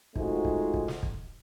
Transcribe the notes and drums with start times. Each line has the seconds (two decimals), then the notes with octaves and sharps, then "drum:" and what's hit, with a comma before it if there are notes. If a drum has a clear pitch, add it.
0.16 G#3 A3 C4 D#4 F4 F#4, drum: kick
0.45 drum: kick
0.74 drum: kick
0.88 drum: snare
1.03 drum: kick